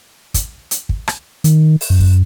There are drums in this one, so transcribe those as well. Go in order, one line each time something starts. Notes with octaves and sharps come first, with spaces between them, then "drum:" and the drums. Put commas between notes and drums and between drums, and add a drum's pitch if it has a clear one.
drum: kick, hi-hat
drum: hi-hat
drum: kick
drum: rim click
D#3, drum: hi-hat
drum: open hi-hat
F#2
drum: kick